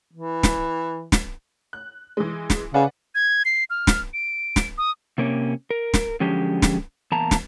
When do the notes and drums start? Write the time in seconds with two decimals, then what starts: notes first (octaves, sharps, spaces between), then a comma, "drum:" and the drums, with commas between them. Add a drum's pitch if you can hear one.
0.13 E3
0.43 drum: snare
1.12 drum: snare
1.73 F#6
2.17 E3 G#3
2.50 drum: snare
2.74 C#3 B4 D5 F#5
3.15 G#6
3.45 C7
3.70 F6
3.87 drum: snare
4.14 D7
4.56 drum: snare
4.78 D#6
5.18 C3 A#3 C#4 G4
5.71 A#4
5.94 drum: snare
6.20 D3 F3 F#3 G#3 C#4 G4
6.62 drum: snare
7.12 E2 A#3 A5 A#5
7.31 drum: snare